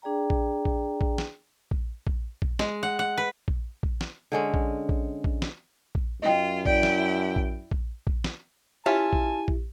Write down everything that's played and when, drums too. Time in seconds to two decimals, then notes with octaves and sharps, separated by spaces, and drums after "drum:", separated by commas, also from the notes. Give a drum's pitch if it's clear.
0.02 D4 G#4 D5 G5 A#5
0.30 drum: kick A#1
0.65 drum: kick A#1
1.01 drum: kick A#1
1.18 drum: snare
1.71 drum: kick A#1
2.07 drum: kick A#1
2.42 drum: kick A#1
2.59 G#3, drum: snare
2.83 F#5
2.99 F#5
3.18 B4
3.48 drum: kick A#1
3.83 drum: kick A#1
4.01 drum: snare
4.32 D3 G#3 C#4
4.54 drum: kick A#1
4.89 drum: kick A#1
5.24 drum: kick A#1
5.42 drum: snare
5.95 drum: kick A#1
6.22 F#2 F4 D#5 G5
6.66 E4 D5 G5, drum: kick A#1
6.83 drum: snare
7.36 drum: kick A#1
7.71 drum: kick A#1
8.07 drum: kick A#1
8.24 drum: snare
8.86 C#4 E4 F4 G4 E5 G#5 A5
9.13 drum: kick A#1
9.48 drum: kick A#1